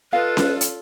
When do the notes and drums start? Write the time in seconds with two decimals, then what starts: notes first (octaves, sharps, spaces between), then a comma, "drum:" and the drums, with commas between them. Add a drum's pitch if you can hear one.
0.13 F4 A4 B4 D#5 F5
0.37 drum: snare C#4
0.61 drum: hi-hat